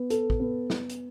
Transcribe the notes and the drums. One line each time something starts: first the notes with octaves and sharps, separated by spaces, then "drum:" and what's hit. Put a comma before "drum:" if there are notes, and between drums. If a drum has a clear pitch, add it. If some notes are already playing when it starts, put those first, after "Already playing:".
Already playing: B3
A4, drum: hi-hat
drum: kick
B3
B3, drum: snare
drum: hi-hat